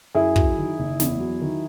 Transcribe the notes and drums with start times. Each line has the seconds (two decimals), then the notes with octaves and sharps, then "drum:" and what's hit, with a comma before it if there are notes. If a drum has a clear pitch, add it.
0.15 F#2 E4 G#4
0.36 F#3, drum: kick
0.57 D#3
0.79 F#1
1.00 E2, drum: snare
1.20 F#3
1.41 D#3